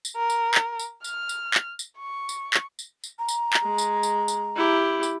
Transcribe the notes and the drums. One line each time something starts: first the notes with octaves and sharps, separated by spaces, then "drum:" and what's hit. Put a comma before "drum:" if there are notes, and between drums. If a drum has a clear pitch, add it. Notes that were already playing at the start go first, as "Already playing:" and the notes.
drum: tambourine
A#4
drum: tambourine
drum: clap
drum: tambourine
F6, drum: tambourine
drum: tambourine
drum: clap
drum: tambourine
C#6
drum: tambourine
drum: clap
drum: tambourine
drum: tambourine
A#5
drum: tambourine
drum: clap
G#3
drum: tambourine
drum: tambourine
drum: tambourine
E4 G4
drum: tambourine